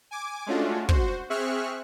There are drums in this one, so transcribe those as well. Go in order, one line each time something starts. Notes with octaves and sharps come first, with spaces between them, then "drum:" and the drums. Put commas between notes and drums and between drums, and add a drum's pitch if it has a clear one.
G#5 D6
G#3 A3 C#4 D4 F4 F#4
F#4 C5, drum: kick
C4 G#4 E5 C#6 F6 F#6